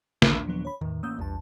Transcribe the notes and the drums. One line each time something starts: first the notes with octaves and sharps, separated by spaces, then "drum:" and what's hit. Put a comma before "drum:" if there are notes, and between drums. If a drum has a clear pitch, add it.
A#1 D#2 A#2 D4 B5 E6, drum: snare
F3 F#3 B3
C#5 B5
E2 A2 D#3
A1 A#3 C#4 D#6 E6 G6
A#1 E2 G2 A5